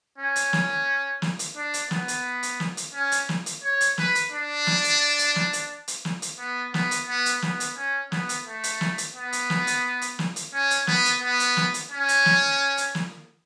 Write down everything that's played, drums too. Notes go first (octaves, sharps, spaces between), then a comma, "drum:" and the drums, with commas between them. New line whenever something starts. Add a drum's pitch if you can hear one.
C#4
drum: hi-hat
drum: snare
drum: snare
drum: hi-hat
D4
drum: hi-hat
B3, drum: snare
drum: hi-hat
drum: hi-hat
drum: snare
drum: hi-hat
C#4
drum: hi-hat
drum: snare
drum: hi-hat
C#5
drum: hi-hat
B4, drum: snare
drum: hi-hat
D4
drum: snare
drum: hi-hat
drum: hi-hat
drum: snare
drum: hi-hat
drum: hi-hat
drum: snare
drum: hi-hat
B3
B3, drum: snare
drum: hi-hat
B3
drum: hi-hat
B3, drum: snare
drum: hi-hat
C#4
B3, drum: snare
drum: hi-hat
A3
drum: hi-hat
drum: snare
drum: hi-hat
B3
drum: hi-hat
drum: snare
drum: hi-hat
drum: hi-hat
drum: snare
drum: hi-hat
C#4
drum: hi-hat
B3, drum: snare
drum: hi-hat
B3
drum: hi-hat
drum: snare
drum: hi-hat
C#4
drum: hi-hat
drum: snare
drum: hi-hat
drum: snare